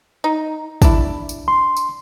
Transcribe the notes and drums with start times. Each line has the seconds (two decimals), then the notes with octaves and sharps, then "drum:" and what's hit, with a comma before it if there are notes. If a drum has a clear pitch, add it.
0.24 D#4
0.82 D4 E4, drum: kick, tambourine
1.29 drum: tambourine
1.48 C6
1.77 drum: tambourine